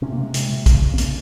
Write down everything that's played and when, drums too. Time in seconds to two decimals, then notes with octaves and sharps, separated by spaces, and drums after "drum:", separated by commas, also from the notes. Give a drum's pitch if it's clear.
0.02 C3 C#4
0.12 A#3
0.18 C3 G#3
0.34 C3, drum: hi-hat
0.50 C3
0.66 C#3, drum: kick, hi-hat
0.82 C#3
0.94 C4
0.98 C#3 A#3, drum: hi-hat